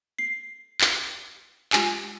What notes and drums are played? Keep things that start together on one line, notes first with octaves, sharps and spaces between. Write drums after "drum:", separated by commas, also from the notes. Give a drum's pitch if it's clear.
C7
drum: clap
G#3 F4 G4 G#5, drum: clap